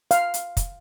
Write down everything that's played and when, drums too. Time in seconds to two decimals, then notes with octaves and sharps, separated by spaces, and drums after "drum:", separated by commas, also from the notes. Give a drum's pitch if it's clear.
0.11 F5, drum: hi-hat
0.34 drum: hi-hat
0.57 drum: kick, hi-hat